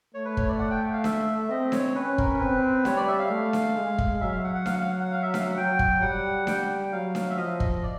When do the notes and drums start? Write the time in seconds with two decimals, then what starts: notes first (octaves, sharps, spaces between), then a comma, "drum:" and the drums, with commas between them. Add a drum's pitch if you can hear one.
0.14 A3 C#5
0.25 B4
0.37 C#5, drum: kick
0.48 D5
0.59 F#5
0.71 G5
0.93 F5
1.04 E5, drum: snare D4
1.50 C4 D#5
1.72 C#5, drum: snare D4
1.95 C#4 B4
2.18 A#4, drum: kick
2.40 C4 B4
2.85 G3 C#5, drum: snare D4
2.97 D5
3.07 E5
3.19 F5
3.30 A3
3.53 drum: snare D4
3.76 G#3
3.98 drum: kick
4.21 F#3 E5
4.32 F5
4.44 F#5
4.55 F#5
4.66 F5, drum: snare D4
4.78 F5
4.88 F#5
5.01 F#5
5.11 F5
5.22 E5
5.34 F5, drum: snare D4
5.46 F#5
5.56 F#3 G5
5.79 drum: kick
6.01 G3 F#5
6.47 G3 G5, drum: snare D4
6.92 F#3 F5
7.15 drum: snare D4
7.30 E5
7.37 F3 D#5
7.60 D#5, drum: kick
7.83 D5